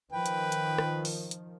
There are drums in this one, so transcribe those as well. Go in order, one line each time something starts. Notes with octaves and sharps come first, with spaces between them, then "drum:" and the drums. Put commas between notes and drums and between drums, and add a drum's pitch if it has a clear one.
D#3 F3 B4 G5
drum: hi-hat
drum: hi-hat
drum: rim click
drum: open hi-hat
drum: hi-hat